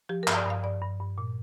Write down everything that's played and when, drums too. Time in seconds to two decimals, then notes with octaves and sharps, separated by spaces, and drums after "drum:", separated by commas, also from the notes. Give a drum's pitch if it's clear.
0.09 F3 G4
0.23 A#4
0.27 G2, drum: clap
0.36 D5
0.46 G2 F5
0.63 G2 D5
0.82 G2
1.00 G2
1.18 A#2